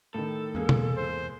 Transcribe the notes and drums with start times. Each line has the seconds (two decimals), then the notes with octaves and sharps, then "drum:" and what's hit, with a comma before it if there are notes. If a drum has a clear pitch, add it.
0.14 A2 D#3 A4
0.55 E2 G#2 A#3 G#4
0.69 drum: tom B2
0.97 C5